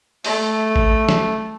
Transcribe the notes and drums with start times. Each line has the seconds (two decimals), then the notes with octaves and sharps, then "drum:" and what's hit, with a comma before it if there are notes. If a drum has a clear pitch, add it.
0.25 A3, drum: open hi-hat
0.76 drum: kick G#1
1.09 drum: snare